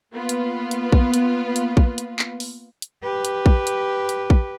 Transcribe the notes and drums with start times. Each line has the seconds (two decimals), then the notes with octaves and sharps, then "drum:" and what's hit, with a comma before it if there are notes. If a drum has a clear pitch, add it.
0.14 A#3 B3 F4 B4
0.29 drum: hi-hat
0.71 drum: hi-hat
0.92 drum: kick
1.14 drum: hi-hat
1.56 drum: hi-hat
1.77 drum: kick
1.98 drum: hi-hat
2.19 drum: clap
2.40 drum: open hi-hat
2.82 drum: hi-hat
3.03 G4 B4
3.25 drum: hi-hat
3.46 drum: kick
3.67 drum: hi-hat
4.09 drum: hi-hat
4.30 drum: kick